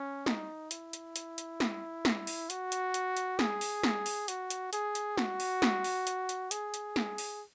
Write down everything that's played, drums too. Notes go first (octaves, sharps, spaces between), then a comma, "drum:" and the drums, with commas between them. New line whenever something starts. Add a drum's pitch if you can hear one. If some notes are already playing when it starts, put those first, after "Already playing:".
Already playing: C#4
D#4, drum: snare
E4, drum: hi-hat
drum: hi-hat
drum: hi-hat
drum: hi-hat
drum: snare
drum: snare
drum: open hi-hat
F#4, drum: hi-hat
drum: hi-hat
drum: hi-hat
drum: hi-hat
G#4, drum: snare
drum: open hi-hat
drum: snare
drum: open hi-hat
F#4, drum: hi-hat
drum: hi-hat
G#4, drum: hi-hat
drum: hi-hat
F#4, drum: snare
drum: open hi-hat
drum: snare
drum: open hi-hat
drum: hi-hat
drum: hi-hat
G#4, drum: hi-hat
drum: hi-hat
drum: snare
drum: open hi-hat